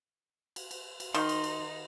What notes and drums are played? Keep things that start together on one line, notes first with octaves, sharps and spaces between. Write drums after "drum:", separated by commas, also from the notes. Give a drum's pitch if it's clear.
drum: cymbal
drum: cymbal
drum: cymbal
D#3 D#4 C6, drum: cymbal
drum: cymbal
drum: cymbal